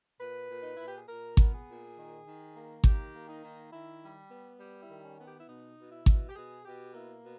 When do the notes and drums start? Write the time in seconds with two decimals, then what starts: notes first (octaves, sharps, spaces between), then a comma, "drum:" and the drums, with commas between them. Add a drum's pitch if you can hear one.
0.21 A#2 B4
0.49 A#2
0.63 D#4
0.75 A#2 E4
0.86 G4
0.97 G#4
1.09 A#2 A#4
1.37 B3, drum: kick G#1
1.52 G#4
1.68 A#2
1.97 D#3
2.26 D#3
2.54 A#3
2.84 D#3 G4, drum: kick G#1
3.14 A#3
3.28 D#4
3.43 D#3
3.72 D#3 E4
4.01 G3
4.31 B3
4.60 G3 G4
4.82 E4
4.89 D#3
5.04 C#4
5.19 B3
5.27 G4
5.38 E4
5.47 B2 D#4
5.77 B2
5.92 E4
6.06 B2, drum: kick G#1
6.29 G4
6.36 B2 G#4
6.65 B2 G4
6.94 A#3 E4
7.23 B2